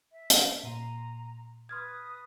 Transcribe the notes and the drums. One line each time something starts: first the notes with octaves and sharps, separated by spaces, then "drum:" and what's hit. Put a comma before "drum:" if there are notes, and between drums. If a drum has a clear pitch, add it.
E5
drum: hi-hat
A#2 A#5 C6 D#7
B4 C6 D#6 F6 G#6 A6